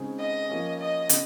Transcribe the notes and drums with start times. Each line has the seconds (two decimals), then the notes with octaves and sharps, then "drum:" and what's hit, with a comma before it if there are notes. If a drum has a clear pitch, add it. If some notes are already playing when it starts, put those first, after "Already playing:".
Already playing: C#3 G#3 C4 D#4 G#4
0.19 D#5
0.50 F3 A#3 C#4
0.80 D#5
1.09 C#3, drum: hi-hat